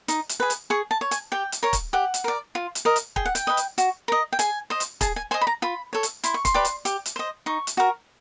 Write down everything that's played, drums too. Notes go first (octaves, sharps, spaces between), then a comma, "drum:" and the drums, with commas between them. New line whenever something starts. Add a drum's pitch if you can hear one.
D#4, drum: hi-hat
drum: hi-hat
G#4 B4
drum: hi-hat
G#4 C#6
A5
C#5
G#5, drum: hi-hat
G4 G5
drum: hi-hat
A#4 C#5
drum: kick, hi-hat
G4 F#5
drum: hi-hat
A#4 D5
F4
drum: hi-hat
A#4 D#5
drum: hi-hat
G#4 G5, drum: kick
F#5
G5, drum: hi-hat
B4 D#5
drum: hi-hat
F#4, drum: hi-hat
A#4 D#5
G5
G#4 G#5, drum: hi-hat
C5 D#5
drum: hi-hat
G#4 A5, drum: kick, hi-hat
G#5
C5 D#5 G#5
B5
A#5
F4 B5
A4 C#5
drum: hi-hat
E4 C6, drum: hi-hat
C#6
C6, drum: kick, hi-hat
G4 B4 D5
drum: hi-hat
G4, drum: hi-hat
drum: hi-hat
C5 D#5
D#4 C#6
drum: hi-hat
F#4 A#4